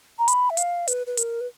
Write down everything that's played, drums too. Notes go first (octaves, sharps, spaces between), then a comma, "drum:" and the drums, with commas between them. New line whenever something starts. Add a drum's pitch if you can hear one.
A#5
B5, drum: hi-hat
E5
F5, drum: hi-hat
B4, drum: hi-hat
B4
A#4, drum: hi-hat
B4